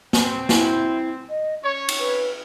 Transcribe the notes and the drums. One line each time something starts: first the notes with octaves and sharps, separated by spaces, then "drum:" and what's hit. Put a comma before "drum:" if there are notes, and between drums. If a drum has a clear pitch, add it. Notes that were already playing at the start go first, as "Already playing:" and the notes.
C4, drum: snare
E4, drum: snare
D#5
C#4 C#5 C#6
drum: cymbal
B4